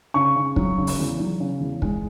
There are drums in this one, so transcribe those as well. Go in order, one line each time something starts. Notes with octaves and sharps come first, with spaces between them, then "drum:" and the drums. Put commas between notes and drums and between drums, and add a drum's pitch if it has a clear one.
C#3 C#6
C#3
F#3, drum: kick
C#3
drum: open hi-hat
E2
F#3
C#3
E2
G#3, drum: kick